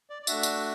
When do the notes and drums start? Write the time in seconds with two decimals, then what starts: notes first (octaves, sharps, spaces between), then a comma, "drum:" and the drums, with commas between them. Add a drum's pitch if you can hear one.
0.10 D5
0.22 D5
0.27 A3 D4 F#4 E5, drum: tambourine
0.43 drum: tambourine